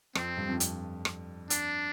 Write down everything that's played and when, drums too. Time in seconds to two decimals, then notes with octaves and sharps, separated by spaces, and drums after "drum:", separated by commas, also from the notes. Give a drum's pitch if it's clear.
0.15 F2 C4, drum: rim click
0.37 G2
0.49 F2
0.60 drum: hi-hat
1.05 drum: rim click
1.50 D4, drum: hi-hat